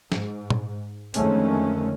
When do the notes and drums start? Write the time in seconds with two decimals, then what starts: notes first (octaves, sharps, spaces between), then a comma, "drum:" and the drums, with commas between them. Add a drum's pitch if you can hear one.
0.12 G#2, drum: snare
0.50 drum: tom A#2
1.14 F2 D3 D#3 G#3 A3 C#4, drum: hi-hat